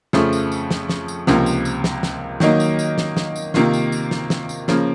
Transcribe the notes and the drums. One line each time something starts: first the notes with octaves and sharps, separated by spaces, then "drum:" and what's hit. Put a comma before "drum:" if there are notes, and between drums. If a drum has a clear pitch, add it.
F2 C#3 F3 A3, drum: snare
drum: tambourine
drum: tambourine
drum: snare
drum: snare
drum: tambourine
C#2 C3 F3 A#3, drum: snare
drum: tambourine
drum: tambourine
drum: snare
drum: snare
D#3 F#3 A#3 D#4, drum: snare
drum: tambourine
drum: tambourine
drum: snare
drum: snare
drum: tambourine
C3 D#3 A#3 F4, drum: snare
drum: tambourine
drum: tambourine
drum: snare
drum: snare
drum: tambourine
C#3 F3 A#3 C#4, drum: snare